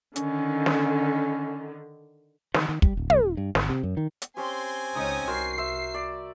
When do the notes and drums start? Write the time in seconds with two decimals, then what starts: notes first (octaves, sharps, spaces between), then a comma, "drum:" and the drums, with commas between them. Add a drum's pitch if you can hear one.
0.16 D3 D#3 C#4, drum: hi-hat
0.66 drum: snare
2.54 D#3, drum: snare
2.69 D#3
2.82 G3, drum: kick
2.97 D1
3.10 C2, drum: tom
3.22 D#1
3.37 G2
3.55 G#1, drum: snare
3.69 C3
3.83 F#2
3.97 D#3
4.22 drum: hi-hat
4.37 C4 C#4 G4 G#5 C6
4.95 C#2 C#4 D#4 D#5 D#6
5.27 C2 F#4 A#4 C5 C7
5.58 C5 E5
5.94 D5